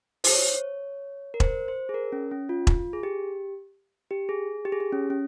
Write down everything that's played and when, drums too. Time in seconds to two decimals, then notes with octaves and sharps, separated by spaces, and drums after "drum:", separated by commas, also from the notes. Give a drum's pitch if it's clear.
0.24 C5, drum: open hi-hat
0.32 C#5
1.34 A#4
1.40 C5, drum: kick E1
1.68 C5
1.89 G#4
1.94 A#4
2.12 C#4
2.31 C#4
2.49 F4
2.67 drum: kick E1
2.93 G#4
3.03 G4
4.11 G4
4.29 G#4
4.65 G4
4.72 G#4
4.80 G4
4.92 C#4
5.10 C#4